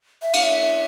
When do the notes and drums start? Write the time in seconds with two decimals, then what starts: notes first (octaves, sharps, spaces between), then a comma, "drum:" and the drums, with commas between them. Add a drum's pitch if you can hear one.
0.22 E5
0.33 F5, drum: cymbal
0.43 E5